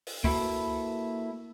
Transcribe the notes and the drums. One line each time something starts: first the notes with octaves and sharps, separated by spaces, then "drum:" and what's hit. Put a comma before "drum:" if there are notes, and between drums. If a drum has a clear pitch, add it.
drum: open hi-hat
A#3 E4 F#4 A4 B4, drum: kick